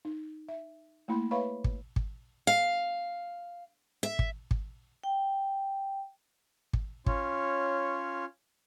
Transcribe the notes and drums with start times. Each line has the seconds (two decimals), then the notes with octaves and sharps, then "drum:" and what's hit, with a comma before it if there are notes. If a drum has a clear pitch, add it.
0.05 D#4
0.48 E5
1.08 A3 A#3 E4 B5
1.31 B4 C#5 E5 F5 B5 C#6
1.64 drum: kick
1.96 drum: kick
2.47 F5
4.03 E5
4.19 drum: kick
4.51 drum: kick
5.04 G5
6.73 drum: kick
7.06 C#4 F4 C#5, drum: kick